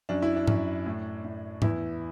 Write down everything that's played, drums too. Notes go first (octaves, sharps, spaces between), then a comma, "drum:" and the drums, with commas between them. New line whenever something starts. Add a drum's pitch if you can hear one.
F#2 D4
E4
D4
F#2, drum: tom G#2
A2
A2
E2 E4, drum: tom G#2